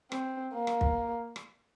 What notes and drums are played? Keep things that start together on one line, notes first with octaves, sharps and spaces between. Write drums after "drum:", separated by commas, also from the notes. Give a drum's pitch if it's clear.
C4, drum: rim click
A#3
drum: rim click
drum: kick
drum: rim click